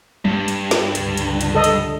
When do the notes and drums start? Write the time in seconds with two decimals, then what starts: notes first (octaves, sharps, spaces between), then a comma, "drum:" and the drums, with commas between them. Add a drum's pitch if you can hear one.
0.25 G2, drum: tom
0.48 drum: hi-hat
0.71 drum: snare
0.95 C#2 D3, drum: hi-hat
1.17 drum: hi-hat
1.41 drum: hi-hat
1.55 A4 D#5
1.64 drum: hi-hat